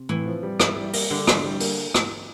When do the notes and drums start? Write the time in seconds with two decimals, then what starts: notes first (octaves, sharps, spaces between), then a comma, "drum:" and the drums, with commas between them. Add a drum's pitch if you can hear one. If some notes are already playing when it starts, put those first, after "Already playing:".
Already playing: C3
0.09 A2 E3
0.26 F3
0.43 G3
0.60 E4, drum: rim click
0.76 G3
0.93 A#3, drum: open hi-hat
1.10 D3 G3
1.27 E4, drum: rim click
1.44 G3
1.60 A#3, drum: open hi-hat
1.94 drum: rim click